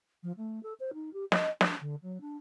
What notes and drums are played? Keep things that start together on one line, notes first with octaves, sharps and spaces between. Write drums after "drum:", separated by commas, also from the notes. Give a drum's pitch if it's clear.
F3
A3
A4
C5
D#4
G4
D#5, drum: snare
D4, drum: snare
D3
F#3
D4